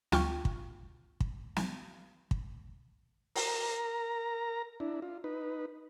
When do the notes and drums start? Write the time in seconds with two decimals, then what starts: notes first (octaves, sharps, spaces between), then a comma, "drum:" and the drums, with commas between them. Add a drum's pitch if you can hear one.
0.12 D2 F4 G5 C#6, drum: snare
0.45 drum: kick
1.20 drum: kick
1.56 drum: snare
2.31 drum: kick
3.36 A#4 A#5, drum: open hi-hat
4.80 D4 E4
5.02 F4
5.24 D#4 B4